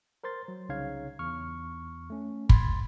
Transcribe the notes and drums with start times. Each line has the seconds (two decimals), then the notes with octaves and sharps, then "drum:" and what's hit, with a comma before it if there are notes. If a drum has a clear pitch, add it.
0.24 A#4 C5 C6 A6
0.48 F#3
0.69 C2 C#3 D#4 C#5 F5 G#6
1.19 E2 C#6 F6
2.10 A3 C#4
2.49 B5 C6 G#6 A6, drum: kick